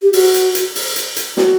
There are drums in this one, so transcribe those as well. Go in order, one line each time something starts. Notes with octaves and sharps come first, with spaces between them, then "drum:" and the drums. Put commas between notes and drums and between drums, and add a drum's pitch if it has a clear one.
G4
F#4, drum: open hi-hat
drum: hi-hat
drum: hi-hat
drum: open hi-hat
drum: hi-hat
drum: hi-hat
F#4, drum: snare